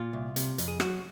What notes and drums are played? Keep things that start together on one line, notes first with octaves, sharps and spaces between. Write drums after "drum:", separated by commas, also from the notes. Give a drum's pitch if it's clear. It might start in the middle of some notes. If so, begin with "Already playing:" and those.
Already playing: A#2 F4
C2
C3, drum: hi-hat
F2, drum: hi-hat
G#4
F#3 F#4, drum: rim click